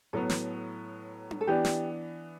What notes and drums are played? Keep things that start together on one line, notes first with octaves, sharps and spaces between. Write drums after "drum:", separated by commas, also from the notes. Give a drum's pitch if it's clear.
A2 F#3 B3 A4
drum: snare
drum: tom D4
A4
E3 B3 D4 G4
drum: snare